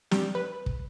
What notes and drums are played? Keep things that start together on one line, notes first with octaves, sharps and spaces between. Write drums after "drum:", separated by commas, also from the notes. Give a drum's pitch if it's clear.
G3, drum: snare
B4
drum: kick